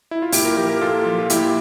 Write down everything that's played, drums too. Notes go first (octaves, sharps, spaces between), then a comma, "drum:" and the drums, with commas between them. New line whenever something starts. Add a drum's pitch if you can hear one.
E4
F4
A#2 E4 G4, drum: open hi-hat
G4 A#4
F3 G4 A#4
G4 A#4
A#2 F4 A4
F3
F4
A#2 E4 G4, drum: hi-hat